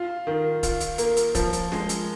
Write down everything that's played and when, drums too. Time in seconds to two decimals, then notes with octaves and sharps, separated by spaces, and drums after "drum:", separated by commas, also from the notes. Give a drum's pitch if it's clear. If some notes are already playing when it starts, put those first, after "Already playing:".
Already playing: F4
0.27 D#3
0.63 F4, drum: kick, hi-hat
0.81 drum: hi-hat
0.98 A#3, drum: hi-hat
1.17 drum: hi-hat
1.35 F3, drum: kick, hi-hat
1.53 drum: hi-hat
1.72 G#3, drum: snare
1.89 drum: hi-hat